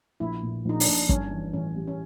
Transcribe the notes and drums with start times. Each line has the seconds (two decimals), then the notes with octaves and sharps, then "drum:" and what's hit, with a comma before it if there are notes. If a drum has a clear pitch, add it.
0.20 A#1 E4
0.43 A#2
0.65 A#1 D#4
0.80 D4, drum: open hi-hat
0.88 A#1
1.09 G2 C#4, drum: kick
1.31 E3
1.53 A1 C#4
1.76 G3
1.87 C#4